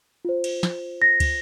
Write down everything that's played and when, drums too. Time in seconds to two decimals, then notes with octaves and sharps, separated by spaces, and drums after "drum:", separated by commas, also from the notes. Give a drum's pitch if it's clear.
0.25 F4 C5
0.44 drum: cymbal
0.63 drum: snare
1.02 A#6
1.20 drum: kick, cymbal